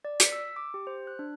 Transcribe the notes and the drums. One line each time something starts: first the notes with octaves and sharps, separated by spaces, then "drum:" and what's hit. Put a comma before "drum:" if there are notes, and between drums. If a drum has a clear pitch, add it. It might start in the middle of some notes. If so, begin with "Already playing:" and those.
D5
B6, drum: hi-hat
E6
D6
G4
C5
F#6
D4